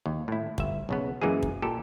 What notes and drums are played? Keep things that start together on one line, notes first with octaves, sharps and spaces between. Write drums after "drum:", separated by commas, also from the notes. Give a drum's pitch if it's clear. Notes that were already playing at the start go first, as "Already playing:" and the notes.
D#2
A2 E4
G1 E5, drum: kick
B1 C#3 B3
F#2 E3 G#3 A#3 G#4
drum: kick
A#2 G4 A4